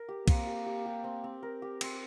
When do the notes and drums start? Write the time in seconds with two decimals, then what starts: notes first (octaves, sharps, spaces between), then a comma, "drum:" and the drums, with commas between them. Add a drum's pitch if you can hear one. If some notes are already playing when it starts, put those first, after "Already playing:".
Already playing: A#4
0.09 G4
0.28 A#3 C4, drum: kick, cymbal
0.47 G4
0.66 G4
0.86 G4
1.04 C4
1.24 C4
1.43 A#4
1.62 G4
1.81 C4, drum: cymbal